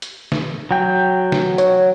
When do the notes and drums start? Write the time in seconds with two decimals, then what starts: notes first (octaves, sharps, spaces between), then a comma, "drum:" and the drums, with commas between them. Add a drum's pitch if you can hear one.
0.02 drum: hi-hat
0.32 drum: snare
0.71 F#3 G5
1.32 drum: snare
1.58 C#5, drum: hi-hat